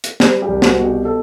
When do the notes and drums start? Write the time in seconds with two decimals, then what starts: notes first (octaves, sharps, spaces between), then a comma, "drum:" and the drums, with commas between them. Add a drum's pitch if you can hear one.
0.04 drum: hi-hat
0.20 G3, drum: snare
0.42 G4
0.48 C2
0.62 F#4, drum: snare
0.76 B2
0.84 G4
1.05 A4